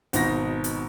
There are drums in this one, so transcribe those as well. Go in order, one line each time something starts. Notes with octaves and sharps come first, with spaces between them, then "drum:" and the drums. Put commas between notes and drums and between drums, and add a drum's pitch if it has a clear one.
G#1 B2 D#4 A#6, drum: hi-hat
drum: hi-hat